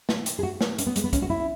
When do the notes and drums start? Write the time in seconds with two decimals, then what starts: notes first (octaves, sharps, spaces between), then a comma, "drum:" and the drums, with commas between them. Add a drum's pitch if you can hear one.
0.09 drum: snare
0.26 drum: hi-hat
0.39 G#4
0.43 F#4
0.61 drum: snare
0.78 C#4, drum: hi-hat
0.86 B3
0.96 G#3, drum: hi-hat
1.04 B3
1.13 C#4, drum: kick, hi-hat
1.22 F#4
1.30 E4